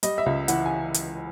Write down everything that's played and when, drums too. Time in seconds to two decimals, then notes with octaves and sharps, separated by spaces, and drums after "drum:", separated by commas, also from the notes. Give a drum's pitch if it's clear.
0.03 G3 D#5, drum: hi-hat
0.18 E5
0.26 C#2
0.48 E3 F#5, drum: hi-hat
0.66 G#5
0.94 drum: hi-hat